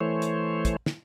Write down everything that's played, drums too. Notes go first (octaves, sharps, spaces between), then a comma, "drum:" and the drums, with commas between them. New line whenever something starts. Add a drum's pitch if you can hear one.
E3 A3 C5 C#5
drum: hi-hat
drum: kick, hi-hat
drum: snare